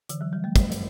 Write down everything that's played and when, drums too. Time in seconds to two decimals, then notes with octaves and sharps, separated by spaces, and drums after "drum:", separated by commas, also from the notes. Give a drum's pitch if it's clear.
0.09 D3 E3, drum: hi-hat
0.21 E3 F#3
0.33 F3 G3
0.44 G3 A3
0.56 G3 A3, drum: kick, hi-hat
0.72 drum: hi-hat